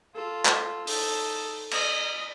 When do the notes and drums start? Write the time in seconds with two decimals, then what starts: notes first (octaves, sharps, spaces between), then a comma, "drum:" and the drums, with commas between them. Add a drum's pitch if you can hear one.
0.15 F4 A4
0.46 drum: clap
0.87 D#4 A4, drum: open hi-hat
1.71 D#5, drum: cymbal